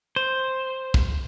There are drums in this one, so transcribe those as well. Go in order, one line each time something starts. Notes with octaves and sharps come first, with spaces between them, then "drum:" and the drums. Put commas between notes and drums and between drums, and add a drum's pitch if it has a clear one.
C5
drum: kick